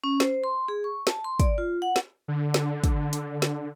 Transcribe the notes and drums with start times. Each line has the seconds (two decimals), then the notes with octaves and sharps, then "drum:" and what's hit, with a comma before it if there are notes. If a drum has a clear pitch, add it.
0.04 C#4
0.20 C5, drum: snare
0.44 C6
0.68 G#4
0.84 C#6
1.07 A5, drum: snare
1.24 C6
1.40 D5, drum: kick, hi-hat
1.58 F4
1.82 F#5
1.96 drum: snare
2.28 D3
2.54 drum: snare
2.84 drum: kick, hi-hat
3.13 drum: hi-hat
3.42 drum: snare